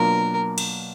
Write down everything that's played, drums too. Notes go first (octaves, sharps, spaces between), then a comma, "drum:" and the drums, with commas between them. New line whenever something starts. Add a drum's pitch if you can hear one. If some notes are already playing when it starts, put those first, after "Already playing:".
Already playing: B2 F#3 A#3 D4 F4 A#4
drum: cymbal